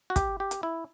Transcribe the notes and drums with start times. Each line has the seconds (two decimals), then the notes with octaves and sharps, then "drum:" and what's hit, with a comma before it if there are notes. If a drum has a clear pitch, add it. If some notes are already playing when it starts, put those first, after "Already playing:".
0.10 F#4
0.16 G4, drum: kick, hi-hat
0.40 G4
0.51 drum: hi-hat
0.63 E4